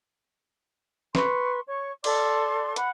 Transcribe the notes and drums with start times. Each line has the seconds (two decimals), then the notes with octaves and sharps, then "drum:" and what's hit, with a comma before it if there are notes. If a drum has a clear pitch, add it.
1.15 B4 C6 C#6, drum: snare
1.68 C#5 C#6
2.04 A4 D5 C6 D6, drum: cymbal
2.76 F#5 B5, drum: hi-hat